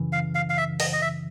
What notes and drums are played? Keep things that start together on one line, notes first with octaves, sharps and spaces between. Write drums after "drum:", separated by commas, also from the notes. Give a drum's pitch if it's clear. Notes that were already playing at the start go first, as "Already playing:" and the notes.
Already playing: F#2 C#3 E3
F5
F5
F5
E5
D#5, drum: open hi-hat
D#5
E5